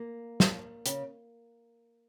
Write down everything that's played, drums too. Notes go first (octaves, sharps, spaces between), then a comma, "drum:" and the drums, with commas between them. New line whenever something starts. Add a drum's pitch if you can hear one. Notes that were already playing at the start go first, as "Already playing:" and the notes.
Already playing: A#3
F3, drum: snare
C#3, drum: hi-hat